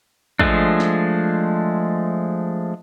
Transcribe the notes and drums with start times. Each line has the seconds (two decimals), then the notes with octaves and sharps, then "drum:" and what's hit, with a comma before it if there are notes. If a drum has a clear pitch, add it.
0.39 F3 G#3 A3 D4, drum: kick
0.80 drum: snare